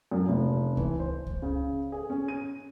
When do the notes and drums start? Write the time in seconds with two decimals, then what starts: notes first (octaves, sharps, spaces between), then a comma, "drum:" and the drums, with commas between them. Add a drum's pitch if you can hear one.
0.11 F#2
0.29 F1
0.77 E3, drum: kick C#2
1.00 C5
1.26 drum: kick C#2
1.42 C#3
1.92 G#4
2.10 C#4
2.28 D#7